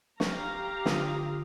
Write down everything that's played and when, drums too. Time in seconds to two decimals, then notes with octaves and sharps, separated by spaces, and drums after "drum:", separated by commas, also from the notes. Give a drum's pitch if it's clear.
0.20 G4 F5 A#5 C#6, drum: snare
0.85 D3 F4 D#6, drum: snare